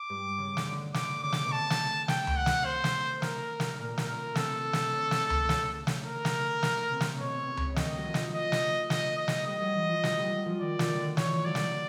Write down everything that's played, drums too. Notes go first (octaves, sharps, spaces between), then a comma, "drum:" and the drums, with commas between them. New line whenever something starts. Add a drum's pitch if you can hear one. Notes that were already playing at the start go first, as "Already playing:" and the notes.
Already playing: D6
G2
C#3
drum: snare
D3
D3 D6, drum: snare
C#3 D6
drum: snare
B2
C3 A5
drum: snare
G5, drum: snare
drum: tom C#2
F#5
drum: snare
C5
drum: snare
A#4, drum: snare
drum: snare
A#2 A#4
drum: snare
C3 A#4
C3 A4, drum: snare
drum: snare
C#3
drum: snare
C#3
drum: tom C#2
C#3, drum: snare
drum: snare
A#4
drum: snare
drum: snare
C3
drum: snare
B2 C#5
C3
C#3
drum: tom C#2
D#3 D#5, drum: snare
F#3
F3
drum: snare
D#5
drum: snare
D#5, drum: snare
D#5
drum: snare
G3 D#5
F#3
E3
F3
F#3, drum: snare
G3
F#3
F3
D#3 D5
D#3, drum: snare
D3
E3 C#5, drum: snare
F#3 D5
drum: snare